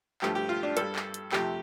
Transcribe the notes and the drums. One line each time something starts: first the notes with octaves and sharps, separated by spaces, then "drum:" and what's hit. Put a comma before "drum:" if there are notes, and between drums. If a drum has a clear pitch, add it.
G2 F3 A3 G4, drum: clap
G4
F4
D4
G2 G3 A4, drum: hi-hat
drum: clap
drum: hi-hat
F2 C3 A3 G4, drum: clap